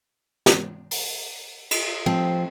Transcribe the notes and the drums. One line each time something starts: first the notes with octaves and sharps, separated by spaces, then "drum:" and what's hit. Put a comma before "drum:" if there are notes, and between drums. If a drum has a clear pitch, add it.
drum: snare
drum: open hi-hat
drum: cymbal
F3 C4